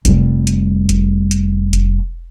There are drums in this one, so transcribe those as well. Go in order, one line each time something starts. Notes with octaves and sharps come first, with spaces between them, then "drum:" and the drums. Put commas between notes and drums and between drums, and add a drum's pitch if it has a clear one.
F1 G3, drum: kick F1, hi-hat
drum: hi-hat
drum: kick F1, hi-hat
drum: hi-hat
drum: kick F1, hi-hat